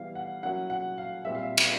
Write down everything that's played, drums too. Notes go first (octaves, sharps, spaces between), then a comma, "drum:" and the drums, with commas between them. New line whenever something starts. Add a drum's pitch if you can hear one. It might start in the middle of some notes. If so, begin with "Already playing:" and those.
Already playing: E3 G3 B3 E4 F5
F#5
F#3 A#3 C#4 E4 F#5
F#5
F5
A#2 G3 C4 E5
F5
E5
drum: cymbal